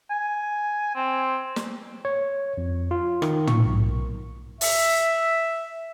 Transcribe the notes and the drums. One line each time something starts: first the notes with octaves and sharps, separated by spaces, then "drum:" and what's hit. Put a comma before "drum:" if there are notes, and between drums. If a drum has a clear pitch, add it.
G#5
C4
drum: snare
C#5
F2
F4
D#3, drum: rim click
C#6, drum: tom
B1
E5, drum: open hi-hat